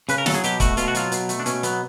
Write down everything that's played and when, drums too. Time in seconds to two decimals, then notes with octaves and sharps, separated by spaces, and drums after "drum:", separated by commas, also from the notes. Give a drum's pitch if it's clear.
0.09 C#3 B4, drum: hi-hat
0.18 A#4
0.26 F#3 A4, drum: snare
0.34 G#4
0.44 B2 G4, drum: hi-hat
0.60 A3 F#4, drum: kick C#1, hi-hat
0.77 B2 F4, drum: hi-hat
0.88 F#4
0.95 F#3 F4, drum: hi-hat
1.12 B2, drum: hi-hat
1.29 A3, drum: hi-hat
1.39 D4
1.46 B2 C#4, drum: hi-hat
1.63 F#3 B3, drum: hi-hat